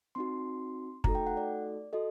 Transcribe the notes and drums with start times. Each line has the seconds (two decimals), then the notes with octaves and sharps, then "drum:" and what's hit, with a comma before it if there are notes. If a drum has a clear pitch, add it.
0.15 C4 D#4 F#4 C6
1.04 A3 D#4 F#4 A4 A#5, drum: kick
1.15 G5
1.27 F#5
1.37 D5
1.93 F#4 A4 D#5